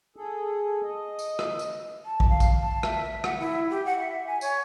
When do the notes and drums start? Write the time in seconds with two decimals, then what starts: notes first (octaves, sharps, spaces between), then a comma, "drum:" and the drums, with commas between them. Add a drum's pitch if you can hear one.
0.16 G#4 A4
0.83 D#5
1.19 drum: tambourine
1.39 drum: rim click
1.59 drum: tambourine
2.06 A5
2.20 drum: kick
2.29 F5
2.40 drum: kick, tambourine
2.59 A5
2.83 E5, drum: rim click
3.01 E5
3.24 F#5, drum: rim click
3.39 E4
3.70 G4
3.85 F#5
3.99 E5
4.27 G#5
4.41 C#5, drum: tambourine